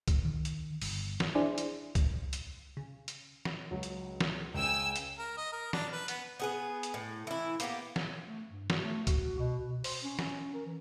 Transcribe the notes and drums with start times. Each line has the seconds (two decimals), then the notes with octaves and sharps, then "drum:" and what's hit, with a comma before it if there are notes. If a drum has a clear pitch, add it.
0.08 drum: kick C2, hi-hat
0.25 D#3
0.45 drum: hi-hat
0.82 G1, drum: open hi-hat
1.20 drum: snare
1.35 D4 E4 G#4 C5 D5
1.58 drum: hi-hat
1.95 drum: kick C2, hi-hat
2.33 drum: hi-hat
2.77 C#3
3.08 drum: hi-hat
3.45 drum: snare
3.71 C#2 F#3
3.83 drum: hi-hat
4.21 drum: snare
4.54 C#2 C#3 G5 G#5 E6
4.96 drum: hi-hat
5.19 A#4
5.37 D#5
5.53 A#4
5.73 D4, drum: snare
5.92 B4
6.08 B3, drum: hi-hat
6.40 B3 G#4 B4
6.83 drum: hi-hat
6.94 A2
7.27 E3 E4
7.60 A#3 B3 G4, drum: hi-hat
7.96 drum: snare
8.27 A3
8.49 G2
8.70 F#4, drum: snare
8.83 A3
9.07 F#4, drum: kick C2, hi-hat
9.39 B2
9.69 B2
9.84 C5, drum: open hi-hat
10.03 C#4
10.19 C#4, drum: snare
10.54 A#4
10.66 E3